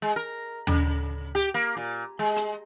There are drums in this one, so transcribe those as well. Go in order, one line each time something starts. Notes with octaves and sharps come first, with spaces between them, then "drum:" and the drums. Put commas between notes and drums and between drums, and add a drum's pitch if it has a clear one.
G#3
A#4
C#3, drum: tom
G4
A#3
A#2
G#3
drum: hi-hat